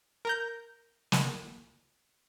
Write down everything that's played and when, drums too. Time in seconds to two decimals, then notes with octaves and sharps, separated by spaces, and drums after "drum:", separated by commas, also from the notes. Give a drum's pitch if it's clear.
0.25 A#4 A#5 G6
1.12 drum: snare